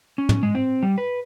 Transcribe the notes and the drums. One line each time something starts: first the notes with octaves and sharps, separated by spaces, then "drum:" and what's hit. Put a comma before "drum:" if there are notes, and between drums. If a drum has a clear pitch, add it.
C#4
drum: tom
G#3
C4
G3
B4